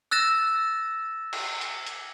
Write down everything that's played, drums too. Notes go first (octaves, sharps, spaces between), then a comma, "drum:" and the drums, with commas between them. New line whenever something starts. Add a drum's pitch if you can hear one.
E6 F#6 A6 A#6 E7
drum: cymbal
drum: hi-hat
drum: hi-hat